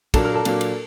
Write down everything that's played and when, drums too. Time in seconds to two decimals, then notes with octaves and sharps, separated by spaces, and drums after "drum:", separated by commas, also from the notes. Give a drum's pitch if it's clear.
0.14 A#2 F#3 A#3 D4 A4, drum: kick, cymbal
0.25 A#4
0.35 A4
0.45 A#2 F#3 A#3 D4, drum: cymbal
0.61 drum: cymbal